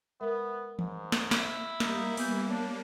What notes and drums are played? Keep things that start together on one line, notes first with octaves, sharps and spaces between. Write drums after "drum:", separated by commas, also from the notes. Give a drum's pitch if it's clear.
G#3 B3 A#4 E5
G#2, drum: tom E3
drum: snare
E4, drum: snare
G3 A#3 D#4, drum: snare
E3 B3 G6, drum: open hi-hat
D4 C#5